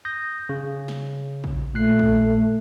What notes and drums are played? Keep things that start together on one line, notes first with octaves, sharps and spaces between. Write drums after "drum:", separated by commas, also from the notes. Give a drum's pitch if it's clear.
D#6 G6 A#6
C#3
drum: snare
drum: kick
A#2 A3 F#6 C7
drum: kick